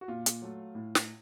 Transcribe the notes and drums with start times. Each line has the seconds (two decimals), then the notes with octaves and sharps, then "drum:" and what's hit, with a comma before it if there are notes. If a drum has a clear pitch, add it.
0.01 F#4
0.08 A#2 F4
0.26 drum: hi-hat
0.42 F#3 A3
0.75 A2
0.95 drum: snare